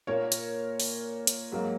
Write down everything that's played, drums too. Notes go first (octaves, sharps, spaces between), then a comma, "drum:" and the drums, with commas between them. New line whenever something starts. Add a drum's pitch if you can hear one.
A#2 A#3 A#4 C#5
drum: hi-hat
drum: open hi-hat
drum: hi-hat
G#2 F#3 A#3